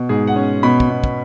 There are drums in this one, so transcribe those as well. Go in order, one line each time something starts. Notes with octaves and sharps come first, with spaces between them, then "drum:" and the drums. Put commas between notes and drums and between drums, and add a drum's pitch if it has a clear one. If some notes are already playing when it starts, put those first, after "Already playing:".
Already playing: B2
G#2 G#4
F#5
C#4
B2 B5
drum: kick
B2
drum: kick